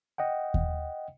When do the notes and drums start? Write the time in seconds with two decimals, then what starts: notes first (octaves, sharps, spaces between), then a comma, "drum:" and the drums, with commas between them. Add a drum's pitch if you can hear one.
0.18 D#5 F#5 G5
0.54 drum: kick D#2